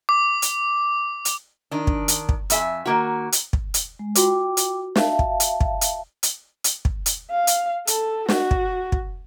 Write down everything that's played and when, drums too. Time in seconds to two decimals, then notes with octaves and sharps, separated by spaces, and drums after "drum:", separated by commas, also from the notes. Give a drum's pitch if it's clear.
0.09 D6
0.42 drum: hi-hat
1.25 drum: hi-hat
1.71 D#3 D4
1.87 drum: kick
2.08 drum: hi-hat
2.29 drum: kick
2.50 F2 E5 G#5, drum: hi-hat
2.86 D#3 A#3 F#4
3.32 drum: hi-hat
3.53 drum: kick
3.74 drum: hi-hat
3.99 G#3
4.15 F4 F#4 C5 G5 D6, drum: hi-hat
4.57 drum: hi-hat
4.96 E5 F5 A5, drum: snare
5.19 drum: kick
5.40 drum: hi-hat
5.61 drum: kick
5.81 drum: hi-hat
6.23 drum: hi-hat
6.64 drum: hi-hat
6.85 drum: kick
7.06 drum: hi-hat
7.30 F5
7.47 drum: hi-hat
7.87 A4, drum: hi-hat
8.29 F#4, drum: snare
8.51 drum: kick
8.92 drum: kick